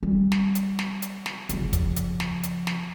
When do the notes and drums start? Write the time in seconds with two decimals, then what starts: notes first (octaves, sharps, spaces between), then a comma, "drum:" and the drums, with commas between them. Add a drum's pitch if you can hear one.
0.03 G3
0.32 drum: snare
0.55 drum: hi-hat
0.79 drum: snare
1.02 drum: hi-hat
1.26 drum: snare
1.49 C#3 F3, drum: hi-hat
1.73 drum: kick, hi-hat
1.96 drum: hi-hat
2.20 drum: snare
2.43 drum: hi-hat
2.67 drum: snare